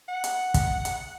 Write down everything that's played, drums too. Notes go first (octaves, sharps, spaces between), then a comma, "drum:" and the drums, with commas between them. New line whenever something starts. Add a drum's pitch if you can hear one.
F#5
drum: hi-hat
drum: kick, hi-hat
drum: hi-hat